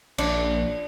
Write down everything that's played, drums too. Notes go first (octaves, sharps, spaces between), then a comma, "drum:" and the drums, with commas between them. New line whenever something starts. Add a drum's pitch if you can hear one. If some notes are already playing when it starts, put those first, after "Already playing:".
A#1 D4, drum: cymbal